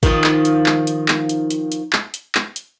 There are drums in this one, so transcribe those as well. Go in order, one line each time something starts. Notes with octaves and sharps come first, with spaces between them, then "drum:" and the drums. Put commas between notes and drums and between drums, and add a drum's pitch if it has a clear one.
D#3 F3, drum: kick G#1, hi-hat
drum: clap
drum: hi-hat
drum: clap
drum: hi-hat
drum: clap
drum: hi-hat
drum: hi-hat
drum: hi-hat
drum: clap
drum: hi-hat
drum: clap
drum: hi-hat